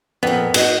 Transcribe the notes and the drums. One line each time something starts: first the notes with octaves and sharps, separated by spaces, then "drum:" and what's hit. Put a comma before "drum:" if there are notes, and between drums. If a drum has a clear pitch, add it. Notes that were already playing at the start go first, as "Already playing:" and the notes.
F2 A#2 B3
F#4 D#5, drum: cymbal